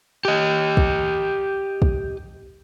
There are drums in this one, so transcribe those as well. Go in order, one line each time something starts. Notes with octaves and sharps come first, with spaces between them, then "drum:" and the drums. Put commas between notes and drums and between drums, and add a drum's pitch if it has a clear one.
G4 D#5
drum: kick
drum: kick